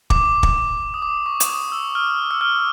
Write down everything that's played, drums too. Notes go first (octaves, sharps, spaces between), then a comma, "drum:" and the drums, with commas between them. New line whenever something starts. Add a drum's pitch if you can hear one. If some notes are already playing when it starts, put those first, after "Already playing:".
D6, drum: kick
drum: kick
D#6
D6
C#6
drum: hi-hat
D#6
E6
F6
E6
F6